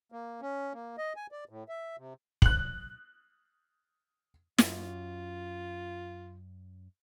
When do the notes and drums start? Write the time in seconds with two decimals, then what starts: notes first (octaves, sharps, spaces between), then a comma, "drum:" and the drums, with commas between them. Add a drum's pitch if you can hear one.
0.12 A#3
0.41 C#4
0.74 A#3
0.98 D#5
1.16 G#5
1.32 D5
1.49 A2
1.69 E5
1.98 C3
2.42 F#6 F#7, drum: kick
4.59 F#2 F4, drum: snare